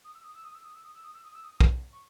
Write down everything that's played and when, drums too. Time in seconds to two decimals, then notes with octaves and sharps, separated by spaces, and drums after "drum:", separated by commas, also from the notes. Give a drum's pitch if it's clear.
0.04 D#6
0.13 E6
0.23 D#6
0.33 E6
0.43 D#6
0.53 E6
0.63 D#6
0.73 E6
0.83 D#6
0.93 E6
1.02 D#6
1.13 E6
1.23 D#6
1.33 E6
1.42 D#6
1.61 drum: kick
1.92 C#6